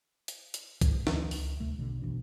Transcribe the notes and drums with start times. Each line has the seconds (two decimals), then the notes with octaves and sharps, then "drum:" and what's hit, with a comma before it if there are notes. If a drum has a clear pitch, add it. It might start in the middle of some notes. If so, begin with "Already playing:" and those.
0.28 drum: hi-hat
0.54 drum: hi-hat
0.81 G#2, drum: kick, hi-hat
1.07 D2 D3 E3 F#3, drum: snare
1.31 C#2, drum: open hi-hat
1.60 D2 C3 A3
1.78 A#1 B2 D3
2.02 F#1 B2 E3 D4